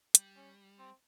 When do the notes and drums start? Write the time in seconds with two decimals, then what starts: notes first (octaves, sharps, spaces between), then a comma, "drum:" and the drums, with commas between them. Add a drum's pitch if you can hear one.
0.15 G3, drum: hi-hat
0.36 C#4
0.79 C4